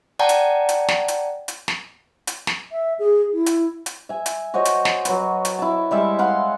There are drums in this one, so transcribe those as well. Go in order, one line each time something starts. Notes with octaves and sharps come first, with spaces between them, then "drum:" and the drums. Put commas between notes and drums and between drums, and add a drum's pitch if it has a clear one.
D5 F#5 G5 A5 A#5
drum: hi-hat
drum: hi-hat
drum: snare
drum: hi-hat
drum: hi-hat
drum: snare
drum: hi-hat
drum: snare
E5
G#4
E4
drum: hi-hat
drum: hi-hat
E5 G#5
drum: hi-hat
F#4 C5 C#5 D#5
drum: hi-hat
drum: snare
F#3 B4, drum: hi-hat
drum: hi-hat
E4 A5
G3 G#3 E5 A5
F5 F#5 C6